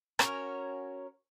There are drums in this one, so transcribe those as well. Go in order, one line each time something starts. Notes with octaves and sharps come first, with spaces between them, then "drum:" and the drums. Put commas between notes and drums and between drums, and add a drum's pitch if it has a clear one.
C#4 F#4 A#4 C#5, drum: rim click